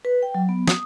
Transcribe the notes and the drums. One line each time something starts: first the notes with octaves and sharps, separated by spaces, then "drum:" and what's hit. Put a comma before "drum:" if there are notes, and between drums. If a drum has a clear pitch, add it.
B4
G5
F#3
B3
D#6, drum: snare